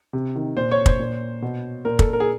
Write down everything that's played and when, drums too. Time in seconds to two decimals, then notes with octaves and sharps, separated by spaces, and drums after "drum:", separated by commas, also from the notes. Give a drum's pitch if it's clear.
0.13 C3
0.36 D#3
0.56 A#2 C5
0.71 C#5
0.86 C5, drum: kick
0.99 A#2
1.42 B2
1.85 A#2 A#4
1.99 A4, drum: kick
2.13 A#4
2.20 G#4